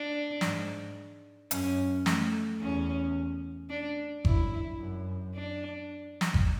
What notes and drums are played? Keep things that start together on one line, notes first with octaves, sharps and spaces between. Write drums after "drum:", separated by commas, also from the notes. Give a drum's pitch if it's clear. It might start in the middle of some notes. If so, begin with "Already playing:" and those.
Already playing: D4
G#2, drum: snare
F#2 C#4, drum: hi-hat
A3, drum: snare
E2 C#4
D4
F#2 E4, drum: kick G1
F#2
D4
drum: snare
drum: kick G1